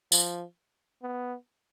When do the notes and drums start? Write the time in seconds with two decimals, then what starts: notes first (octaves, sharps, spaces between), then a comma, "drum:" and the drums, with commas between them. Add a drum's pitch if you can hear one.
0.12 F3, drum: tambourine
1.03 B3